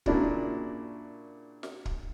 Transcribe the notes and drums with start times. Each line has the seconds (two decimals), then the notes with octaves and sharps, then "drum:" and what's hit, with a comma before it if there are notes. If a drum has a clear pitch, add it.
0.06 A#2 C#3 A#3 D4 E4 F#4, drum: kick
1.63 drum: snare
1.85 drum: kick